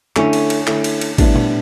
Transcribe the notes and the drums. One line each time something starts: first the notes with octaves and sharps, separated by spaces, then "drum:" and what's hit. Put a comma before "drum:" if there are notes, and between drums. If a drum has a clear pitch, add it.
D3 A3 C#4 E4, drum: clap
drum: cymbal
drum: cymbal
D3 A3 E4, drum: clap
drum: cymbal
drum: cymbal
A2 G3 B3 D4 E4, drum: kick G#1, cymbal
drum: tom A#2